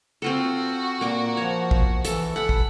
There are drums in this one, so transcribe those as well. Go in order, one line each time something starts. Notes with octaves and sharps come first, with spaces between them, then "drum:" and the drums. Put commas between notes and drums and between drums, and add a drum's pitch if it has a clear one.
C4 F4 F#4 A4
A#2 A#3 D6
F3 C#5
drum: kick
E3 A4, drum: hi-hat
A4 F#5 B5
drum: kick